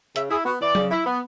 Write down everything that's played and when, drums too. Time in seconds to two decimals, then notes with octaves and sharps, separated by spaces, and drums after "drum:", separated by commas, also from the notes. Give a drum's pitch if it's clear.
0.16 C#3 E5, drum: hi-hat
0.30 E4 G#4
0.45 B3 F#4
0.60 E3 D5
0.75 C#3, drum: tom F#3
0.91 E4
1.05 B3